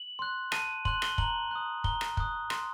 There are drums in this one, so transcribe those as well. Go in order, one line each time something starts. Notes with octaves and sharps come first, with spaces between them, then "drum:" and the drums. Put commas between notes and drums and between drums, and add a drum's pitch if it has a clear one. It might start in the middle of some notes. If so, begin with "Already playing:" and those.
Already playing: F#7
C6 F#6
A5 D#7, drum: rim click
C6 F#6 F#7, drum: kick
G7, drum: rim click
A#5 F#7, drum: kick
D#6 F#6
A#5 G7, drum: kick
drum: rim click
D#6 F#6, drum: kick
C6, drum: rim click